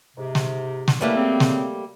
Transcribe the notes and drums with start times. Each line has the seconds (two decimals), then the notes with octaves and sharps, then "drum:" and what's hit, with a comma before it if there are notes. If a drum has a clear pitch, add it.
0.16 G#2 C3
0.35 drum: snare
0.88 drum: snare
1.01 G3 A3 A#3 C#4 E4 B4
1.16 C#3 C4
1.40 drum: snare